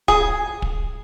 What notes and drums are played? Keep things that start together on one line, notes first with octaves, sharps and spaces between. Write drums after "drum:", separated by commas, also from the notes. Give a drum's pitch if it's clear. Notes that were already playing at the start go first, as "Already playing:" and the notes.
G#4, drum: kick
drum: kick